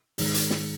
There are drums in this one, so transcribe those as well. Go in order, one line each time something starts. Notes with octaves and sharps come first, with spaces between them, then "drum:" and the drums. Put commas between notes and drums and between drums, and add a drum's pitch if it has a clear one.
G#2 D#3 G#3, drum: open hi-hat
drum: hi-hat
drum: snare